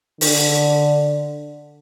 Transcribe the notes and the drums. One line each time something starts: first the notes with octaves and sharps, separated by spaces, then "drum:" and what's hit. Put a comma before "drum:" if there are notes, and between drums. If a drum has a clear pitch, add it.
D3, drum: open hi-hat